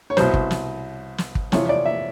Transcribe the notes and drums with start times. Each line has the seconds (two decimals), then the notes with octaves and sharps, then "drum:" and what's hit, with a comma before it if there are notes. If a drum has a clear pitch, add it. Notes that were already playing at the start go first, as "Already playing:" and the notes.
0.10 C#5
0.17 C2 B2 C5, drum: snare
0.34 drum: kick
0.51 drum: snare
1.18 drum: snare
1.35 drum: kick
1.52 F2 C3 E3 C#5, drum: snare
1.69 D5
1.86 E5